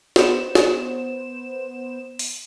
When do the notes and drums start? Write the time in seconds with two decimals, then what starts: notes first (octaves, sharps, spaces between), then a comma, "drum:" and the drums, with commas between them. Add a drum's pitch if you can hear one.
0.16 B3 C5 E7, drum: snare
0.55 drum: snare
2.19 drum: open hi-hat